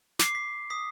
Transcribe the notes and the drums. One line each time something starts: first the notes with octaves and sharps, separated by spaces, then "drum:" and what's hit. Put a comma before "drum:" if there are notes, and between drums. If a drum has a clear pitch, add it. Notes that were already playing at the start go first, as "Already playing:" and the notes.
D6 C7, drum: snare
B6
D#6 B6